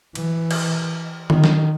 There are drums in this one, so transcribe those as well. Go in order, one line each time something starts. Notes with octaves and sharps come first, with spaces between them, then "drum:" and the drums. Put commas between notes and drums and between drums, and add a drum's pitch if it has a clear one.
E3, drum: cymbal
drum: cymbal
D#3, drum: tom D3
drum: snare